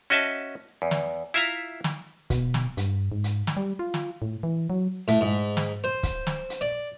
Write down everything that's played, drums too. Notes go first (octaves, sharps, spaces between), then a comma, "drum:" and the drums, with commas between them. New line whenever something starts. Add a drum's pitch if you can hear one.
C#4 F#4 D#5 E5 A5
E2
drum: snare
E4 F4 E5 F5 A#5
drum: snare
B2, drum: kick, hi-hat
drum: snare
G2, drum: hi-hat
G#2
drum: hi-hat
drum: snare
G3
F4
drum: snare
A2
E3
F#3
A2, drum: hi-hat
G#2
drum: snare
C5
drum: kick, hi-hat
drum: snare
drum: hi-hat
D5